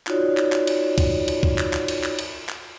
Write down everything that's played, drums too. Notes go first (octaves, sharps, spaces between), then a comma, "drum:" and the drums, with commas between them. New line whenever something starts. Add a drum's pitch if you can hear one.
D#4 F4 F#4 C#5 D5, drum: clap
drum: clap
drum: clap
drum: cymbal
drum: kick, cymbal
drum: cymbal
drum: kick
drum: clap
drum: clap
drum: cymbal
drum: clap
drum: cymbal
drum: clap